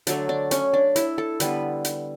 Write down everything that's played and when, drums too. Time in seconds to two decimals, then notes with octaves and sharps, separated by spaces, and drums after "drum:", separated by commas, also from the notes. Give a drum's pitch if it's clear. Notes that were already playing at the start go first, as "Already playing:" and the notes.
0.07 D3 F#3 A3 D4, drum: hi-hat
0.29 D4
0.51 C#4, drum: hi-hat
0.74 D4
0.96 E4, drum: hi-hat
1.18 A4
1.40 D3 G3 B3 B4, drum: hi-hat
1.85 drum: hi-hat